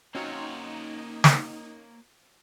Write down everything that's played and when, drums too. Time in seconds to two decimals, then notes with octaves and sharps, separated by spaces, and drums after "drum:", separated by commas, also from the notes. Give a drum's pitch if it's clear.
0.15 F#3 A#3 C4 C#4 D#4 F4 F#4 C#5
1.24 drum: snare